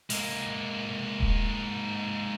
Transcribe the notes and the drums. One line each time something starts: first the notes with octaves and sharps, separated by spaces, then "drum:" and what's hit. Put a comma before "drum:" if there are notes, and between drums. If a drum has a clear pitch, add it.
G#3 A#3, drum: open hi-hat
drum: kick D#1